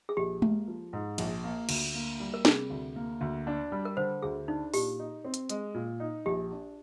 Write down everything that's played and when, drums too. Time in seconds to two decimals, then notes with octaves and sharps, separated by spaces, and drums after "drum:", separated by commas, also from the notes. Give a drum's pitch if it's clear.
0.09 G#4
0.17 A#1 G4
0.42 A#3, drum: tom G#3
0.67 F3
0.93 G#2
1.18 A#1, drum: cymbal
1.44 A#3
1.69 D2, drum: cymbal
1.94 A#3
2.20 G3
2.34 A#4
2.45 C3 G#4, drum: snare
2.70 D2
2.96 A#3
3.21 D2
3.47 D4
3.72 G3
3.85 A#4
3.97 D3 C5
4.22 D2 G#4
4.48 D4 D#4
4.74 A#2 G4, drum: open hi-hat
4.99 D#4
5.25 C4
5.34 drum: hi-hat
5.50 G#3, drum: hi-hat
5.74 A#2
6.00 D#4
6.26 A#1 G4
6.52 D4